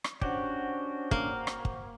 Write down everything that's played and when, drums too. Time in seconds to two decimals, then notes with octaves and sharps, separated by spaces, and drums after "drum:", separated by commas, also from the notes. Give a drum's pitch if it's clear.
0.04 drum: rim click
0.21 C#4 D4 F#4 G4 C5 F#5, drum: kick
1.11 A#3, drum: kick
1.47 drum: rim click
1.65 drum: kick